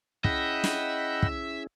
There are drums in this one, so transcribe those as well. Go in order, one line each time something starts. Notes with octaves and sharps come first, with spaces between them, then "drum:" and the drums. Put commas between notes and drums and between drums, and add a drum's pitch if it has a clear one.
C#4 E4 G#4 D#5 E5 F#5 G5 B5, drum: kick
drum: snare
drum: kick